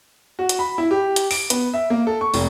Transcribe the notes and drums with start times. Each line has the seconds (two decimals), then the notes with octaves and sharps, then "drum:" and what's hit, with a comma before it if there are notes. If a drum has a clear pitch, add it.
0.39 F#4
0.49 drum: hi-hat
0.59 B5
0.78 E4
0.91 G4
1.16 drum: hi-hat
1.31 D7, drum: open hi-hat
1.50 B3, drum: hi-hat
1.74 E5
1.90 A#3
2.07 A4
2.21 C#6
2.34 F1, drum: open hi-hat